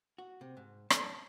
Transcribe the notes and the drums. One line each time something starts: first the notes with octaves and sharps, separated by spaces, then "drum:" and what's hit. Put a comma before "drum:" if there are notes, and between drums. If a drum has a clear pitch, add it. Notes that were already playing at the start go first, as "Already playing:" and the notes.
F#4
C3
G#2
A4, drum: rim click
A5